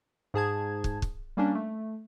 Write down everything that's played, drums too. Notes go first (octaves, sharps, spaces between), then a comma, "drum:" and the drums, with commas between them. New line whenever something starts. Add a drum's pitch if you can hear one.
G#2 G#4 A5 G#6
drum: kick
drum: kick
G3 A#3 C#4 D4
A3